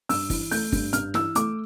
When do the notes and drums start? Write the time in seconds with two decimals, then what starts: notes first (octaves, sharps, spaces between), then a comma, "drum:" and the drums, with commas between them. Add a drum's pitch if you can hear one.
0.09 G2 E6, drum: open hi-hat
0.30 E3, drum: kick, open hi-hat
0.51 A3 G6, drum: open hi-hat
0.72 G2, drum: kick, open hi-hat
0.93 G2 F6, drum: hi-hat
1.14 E3 E6, drum: snare
1.35 A3 D6, drum: hi-hat